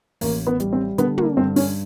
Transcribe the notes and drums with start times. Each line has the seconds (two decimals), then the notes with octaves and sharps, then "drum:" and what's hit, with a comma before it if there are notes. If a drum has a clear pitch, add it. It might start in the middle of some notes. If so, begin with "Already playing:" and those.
0.21 A1 A#3, drum: open hi-hat
0.47 B3
0.60 G3, drum: hi-hat
0.73 C4
0.98 D3 B3, drum: hi-hat
1.18 A#3, drum: tom
1.37 G2 C4
1.56 C#4, drum: open hi-hat